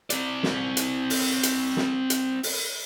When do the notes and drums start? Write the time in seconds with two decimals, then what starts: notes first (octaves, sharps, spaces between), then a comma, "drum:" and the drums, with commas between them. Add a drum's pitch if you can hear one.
0.10 C4 D5, drum: hi-hat
0.43 drum: snare
0.77 drum: hi-hat
1.10 drum: open hi-hat
1.43 drum: hi-hat
1.77 drum: snare
2.10 drum: hi-hat
2.43 drum: open hi-hat